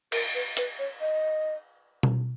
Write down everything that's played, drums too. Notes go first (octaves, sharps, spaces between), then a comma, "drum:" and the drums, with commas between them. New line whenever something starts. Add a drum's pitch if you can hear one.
A#4, drum: cymbal
B4
B4, drum: hi-hat
C#5
D#5
drum: tom B2